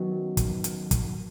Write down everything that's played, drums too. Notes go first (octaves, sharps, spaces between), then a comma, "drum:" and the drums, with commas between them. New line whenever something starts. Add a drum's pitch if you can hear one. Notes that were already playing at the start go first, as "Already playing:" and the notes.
Already playing: F#2 D#3 F#3 B3
drum: kick, hi-hat
drum: hi-hat
drum: kick, hi-hat